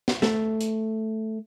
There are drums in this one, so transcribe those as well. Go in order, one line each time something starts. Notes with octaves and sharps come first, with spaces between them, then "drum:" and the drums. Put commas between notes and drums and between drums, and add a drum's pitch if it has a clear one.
drum: snare
A3, drum: snare
drum: hi-hat